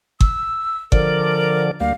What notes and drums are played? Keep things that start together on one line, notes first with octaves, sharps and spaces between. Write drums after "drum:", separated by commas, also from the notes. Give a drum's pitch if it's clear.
E6, drum: kick G1
D3 F3 A#4 D5, drum: kick G1
D2 G3 A#3 F5